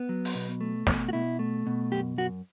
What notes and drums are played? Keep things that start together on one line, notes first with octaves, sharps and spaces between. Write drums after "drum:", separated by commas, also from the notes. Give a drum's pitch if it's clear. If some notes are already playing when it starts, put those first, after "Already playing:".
Already playing: B3
F#3
drum: open hi-hat
B2
A3
B2, drum: snare
F#4
B2 E4
A3
B2
F#2 G4
F#2 F#4